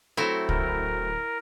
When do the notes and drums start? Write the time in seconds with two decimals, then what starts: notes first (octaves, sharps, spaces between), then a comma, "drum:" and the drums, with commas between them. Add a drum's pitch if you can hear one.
0.17 F#3 A3 C4 E4
0.49 D1 A#4, drum: kick